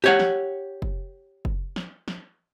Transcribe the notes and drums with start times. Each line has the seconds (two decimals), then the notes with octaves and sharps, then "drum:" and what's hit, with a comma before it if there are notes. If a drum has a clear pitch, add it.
0.04 G4 C#5 F#5
0.19 drum: snare
0.82 drum: kick
1.45 drum: kick
1.76 drum: snare
2.08 drum: snare